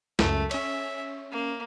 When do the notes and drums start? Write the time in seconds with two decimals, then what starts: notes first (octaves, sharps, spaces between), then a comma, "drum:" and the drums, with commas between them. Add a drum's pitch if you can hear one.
0.19 C#2 F#2 A3, drum: snare
0.51 C#4 C#5 E5, drum: cymbal
1.32 A#3